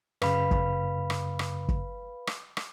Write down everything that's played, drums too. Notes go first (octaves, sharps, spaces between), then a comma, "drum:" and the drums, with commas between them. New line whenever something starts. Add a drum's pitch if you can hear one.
F#2 C#3 B4 F5 B5, drum: rim click
drum: kick
drum: rim click
drum: rim click
drum: kick
drum: rim click
drum: rim click